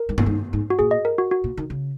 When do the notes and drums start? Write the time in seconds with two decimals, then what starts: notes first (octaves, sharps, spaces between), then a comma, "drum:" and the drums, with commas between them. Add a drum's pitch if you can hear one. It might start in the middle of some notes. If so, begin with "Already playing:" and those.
Already playing: A#4
0.09 G#2
0.18 A#2, drum: tom G2
0.26 G#2
0.53 G#2
0.70 F#4
0.79 A#2 G#4
0.91 D#5
1.05 A#4
1.18 F#4
1.31 F#4
1.44 A#2
1.57 D#3
1.70 C#3